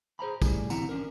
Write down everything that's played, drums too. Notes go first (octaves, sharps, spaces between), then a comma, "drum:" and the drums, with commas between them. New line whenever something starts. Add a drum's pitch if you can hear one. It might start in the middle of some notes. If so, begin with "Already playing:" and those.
G#4 C5 A#5 B5
A2 C#3 E3 G3 G#3 G#4, drum: kick, tambourine
D2 C3 E3 E4 F#5 A#5, drum: tambourine
C#4 D4 A#4